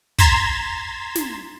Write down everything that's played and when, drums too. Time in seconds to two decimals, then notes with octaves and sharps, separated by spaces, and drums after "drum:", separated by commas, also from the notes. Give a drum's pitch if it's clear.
0.19 A#5 C6 G#6 A6 B6 E7, drum: kick
1.15 drum: snare